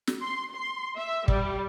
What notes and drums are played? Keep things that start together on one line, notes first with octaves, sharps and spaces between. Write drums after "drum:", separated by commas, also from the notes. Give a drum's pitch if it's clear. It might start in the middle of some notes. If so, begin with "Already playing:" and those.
drum: snare
C6
C6
E5
G3, drum: kick